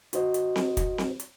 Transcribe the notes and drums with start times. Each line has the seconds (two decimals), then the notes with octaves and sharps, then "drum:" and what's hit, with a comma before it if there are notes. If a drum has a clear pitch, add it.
0.13 D#4 F#4 C5 D#5, drum: hi-hat
0.34 drum: hi-hat
0.56 drum: snare C4
0.77 drum: kick, hi-hat
0.98 drum: snare C4
1.20 drum: hi-hat